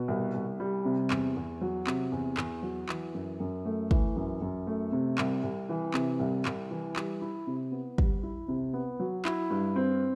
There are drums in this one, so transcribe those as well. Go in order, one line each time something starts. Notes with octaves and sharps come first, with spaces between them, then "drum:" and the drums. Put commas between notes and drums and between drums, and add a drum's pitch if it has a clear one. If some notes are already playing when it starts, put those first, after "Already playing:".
Already playing: B2
C2
C2
G3
C3
E2, drum: clap
E2
F#3
C3, drum: clap
E2
E2, drum: clap
F#3
E3, drum: clap
F#2
F#2
A3
E3, drum: kick
F#2
F#2
A3
C3
C2, drum: clap
C2
E3
C3, drum: clap
C2
C2, drum: clap
E3
G3, drum: clap
E4
C3
B3
G3, drum: kick
E4
C3
B3
F#3
E4, drum: clap
G2
C4